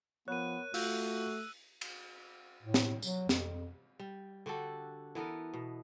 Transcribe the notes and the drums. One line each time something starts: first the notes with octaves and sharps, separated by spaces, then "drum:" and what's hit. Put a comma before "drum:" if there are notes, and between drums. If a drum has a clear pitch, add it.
F3 B3 A#4 C#5 F#6 D#7
A3 F4 F#4 F5 E6 G6, drum: open hi-hat
drum: cymbal
A2
drum: snare
F#3, drum: tambourine
F2, drum: snare
G3
D3 F#4 G4 A4
E3 B3 A4 A#4
B2